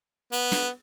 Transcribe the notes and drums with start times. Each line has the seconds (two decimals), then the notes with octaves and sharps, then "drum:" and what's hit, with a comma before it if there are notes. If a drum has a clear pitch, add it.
0.32 B3, drum: hi-hat
0.52 drum: snare